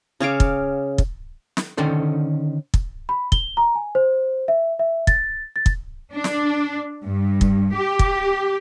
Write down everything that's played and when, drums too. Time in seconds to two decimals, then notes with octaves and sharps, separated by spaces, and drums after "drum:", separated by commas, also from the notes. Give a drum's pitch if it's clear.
0.20 C#3 C#5 F5 D6
0.40 drum: kick
0.98 drum: kick
1.57 drum: snare
1.77 D3 D#3 C#4 A4 C5
2.74 drum: kick
3.09 B5
3.32 G7, drum: kick
3.57 A#5
3.75 G#5
3.95 C5
4.48 E5
4.79 E5
5.07 A6, drum: kick
5.56 A6
5.66 drum: kick
6.13 D4
6.24 drum: snare
7.04 G2
7.41 drum: kick
7.75 G4
7.99 drum: kick